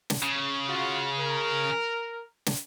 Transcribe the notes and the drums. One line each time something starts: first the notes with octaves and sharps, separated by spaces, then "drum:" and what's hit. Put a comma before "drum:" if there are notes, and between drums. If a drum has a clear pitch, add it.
drum: snare
C#3
F4 F#4
A#4
drum: snare